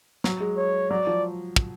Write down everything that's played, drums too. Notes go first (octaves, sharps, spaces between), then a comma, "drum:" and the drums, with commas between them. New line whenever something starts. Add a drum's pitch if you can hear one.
F#3, drum: snare
G#3
C#5
F#3 D5
F3
drum: kick